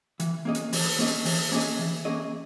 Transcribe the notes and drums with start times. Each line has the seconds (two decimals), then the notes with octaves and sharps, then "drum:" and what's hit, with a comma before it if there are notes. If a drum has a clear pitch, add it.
0.20 E3, drum: hi-hat
0.45 A#3 C#4 G#4 D#5
0.55 drum: hi-hat
0.73 E3, drum: open hi-hat
0.99 A#3 C#4 G#4 D#5
1.08 drum: hi-hat
1.25 E3, drum: open hi-hat
1.52 A#3 C#4 G#4 D#5
1.61 drum: hi-hat
1.79 E3
2.05 A#3 C#4 G#4 D#5